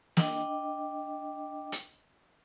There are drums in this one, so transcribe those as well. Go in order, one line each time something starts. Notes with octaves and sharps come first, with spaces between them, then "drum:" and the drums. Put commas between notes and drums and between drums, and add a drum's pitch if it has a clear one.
D4 D#5 G5 D6, drum: snare
drum: hi-hat